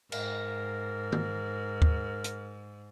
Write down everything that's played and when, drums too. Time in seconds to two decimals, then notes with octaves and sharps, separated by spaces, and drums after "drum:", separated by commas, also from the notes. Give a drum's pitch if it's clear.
0.12 G#2 A#4, drum: cymbal
1.12 drum: tom
1.82 drum: kick
2.24 drum: hi-hat